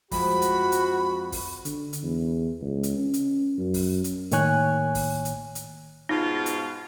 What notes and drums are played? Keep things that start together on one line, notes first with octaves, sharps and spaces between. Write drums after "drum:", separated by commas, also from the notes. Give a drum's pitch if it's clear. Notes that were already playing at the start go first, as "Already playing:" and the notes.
F2 G#3 F#4 B5, drum: kick, open hi-hat
drum: hi-hat
drum: hi-hat
drum: kick, open hi-hat
D3, drum: hi-hat
drum: hi-hat
E2
C#2
drum: hi-hat
C#4
drum: hi-hat
F#2
drum: kick, open hi-hat
drum: hi-hat
A2 D#3 A#3 C#5 G#5 F#6, drum: hi-hat
drum: kick, open hi-hat
drum: hi-hat
drum: hi-hat
G#2 B2 D#4 F4
drum: hi-hat